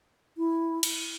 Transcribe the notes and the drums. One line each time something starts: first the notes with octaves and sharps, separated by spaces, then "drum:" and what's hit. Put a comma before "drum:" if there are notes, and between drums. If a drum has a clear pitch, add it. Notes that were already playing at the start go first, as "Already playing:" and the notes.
E4
drum: cymbal